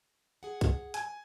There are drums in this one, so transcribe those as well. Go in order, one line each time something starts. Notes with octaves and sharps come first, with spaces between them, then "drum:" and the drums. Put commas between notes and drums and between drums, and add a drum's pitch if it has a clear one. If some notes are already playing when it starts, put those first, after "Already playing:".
G#4 F#5
drum: kick, hi-hat
G#5, drum: hi-hat